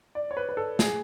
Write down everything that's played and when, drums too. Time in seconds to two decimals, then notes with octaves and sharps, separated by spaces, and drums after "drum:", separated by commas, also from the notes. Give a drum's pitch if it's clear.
0.15 D5
0.31 C#5
0.37 B4
0.49 B4
0.57 A4
0.79 G#4, drum: snare